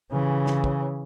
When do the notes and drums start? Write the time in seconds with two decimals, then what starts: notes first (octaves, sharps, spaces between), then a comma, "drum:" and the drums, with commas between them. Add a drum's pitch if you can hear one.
0.11 C#3 E3
0.46 drum: snare
0.64 drum: kick